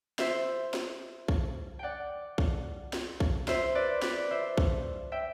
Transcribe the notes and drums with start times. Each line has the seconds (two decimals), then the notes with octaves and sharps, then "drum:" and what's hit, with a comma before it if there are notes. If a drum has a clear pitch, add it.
0.19 C5 E5, drum: snare
0.74 drum: snare
1.28 drum: kick B1
1.79 D5 F#5 G5
2.38 drum: kick B1
2.93 drum: snare
3.20 drum: kick B1
3.48 C5 E5, drum: snare
3.75 B4 D5
4.02 B4 D5, drum: snare
4.31 C5 E5
4.58 drum: kick B1
5.12 E5 G5